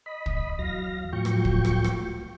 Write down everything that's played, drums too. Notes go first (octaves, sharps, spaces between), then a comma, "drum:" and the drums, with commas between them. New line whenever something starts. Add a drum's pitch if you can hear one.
D#5 B5
drum: kick
E2 F#3 F5 A#6
A2 F3 F#3 G5 C#6
drum: rim click
drum: kick
drum: rim click
drum: rim click